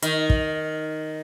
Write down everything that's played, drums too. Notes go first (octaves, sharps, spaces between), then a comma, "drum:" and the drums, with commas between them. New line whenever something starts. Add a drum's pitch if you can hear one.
D#3, drum: hi-hat
drum: kick